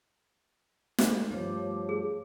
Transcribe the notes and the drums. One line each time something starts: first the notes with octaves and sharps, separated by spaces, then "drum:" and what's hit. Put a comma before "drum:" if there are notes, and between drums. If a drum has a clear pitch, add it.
drum: snare
G2 F3 A3 C#5 D6
G#4